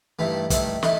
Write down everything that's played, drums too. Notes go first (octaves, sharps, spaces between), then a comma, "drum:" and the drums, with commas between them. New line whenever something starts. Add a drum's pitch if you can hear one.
G2 D#3 A3 E4
G2 D#3 A3 E4, drum: kick, hi-hat
D#3 A3 E4, drum: snare